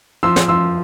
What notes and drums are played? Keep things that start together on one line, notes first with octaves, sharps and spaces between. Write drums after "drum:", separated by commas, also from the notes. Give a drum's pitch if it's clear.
F3 C6 E6
drum: snare
F3 C6 E6